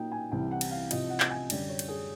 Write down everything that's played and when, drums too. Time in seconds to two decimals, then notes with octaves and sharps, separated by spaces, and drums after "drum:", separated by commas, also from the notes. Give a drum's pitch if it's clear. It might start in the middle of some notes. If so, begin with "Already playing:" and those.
Already playing: A#2 F#3 A#3 D#4 G5
0.12 G#5
0.32 C2 C3 E3 G3 G5
0.51 F#5
0.61 drum: cymbal
0.71 F5
0.91 C2 C3 F3 D#5, drum: cymbal
1.10 F#5
1.20 drum: clap
1.30 G#5
1.50 F#2 D3 G3 D5, drum: cymbal
1.69 C#5
1.79 drum: cymbal
1.88 G#4